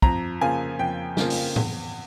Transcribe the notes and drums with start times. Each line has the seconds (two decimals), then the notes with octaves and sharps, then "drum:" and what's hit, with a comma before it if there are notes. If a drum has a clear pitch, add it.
0.02 F2 A#5, drum: kick
0.41 C#3 F3 A#3 G#5
0.79 F2 G5
1.17 C#3 F3 A#3, drum: snare
1.30 drum: open hi-hat
1.56 E2, drum: tom A2